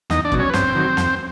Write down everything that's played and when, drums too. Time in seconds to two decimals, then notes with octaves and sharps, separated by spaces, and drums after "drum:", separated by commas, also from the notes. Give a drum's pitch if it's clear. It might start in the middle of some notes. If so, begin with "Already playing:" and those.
0.10 E2 D#4 D#5, drum: snare
0.25 D4 D5
0.32 B2 F#3, drum: kick
0.39 C#4 C#5
0.50 B4
0.54 G2 C4 C5, drum: snare
0.75 D#3 F#3
0.97 F2, drum: snare